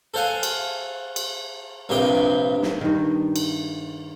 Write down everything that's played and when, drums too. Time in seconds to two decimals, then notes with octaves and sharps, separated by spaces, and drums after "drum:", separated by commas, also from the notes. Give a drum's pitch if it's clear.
0.14 A4 C5 F5 F#5 G#5
0.43 drum: cymbal
1.16 drum: cymbal
1.89 A#1 G2 C3 G4 G5
2.62 drum: snare
2.81 G2 D#3
3.36 drum: cymbal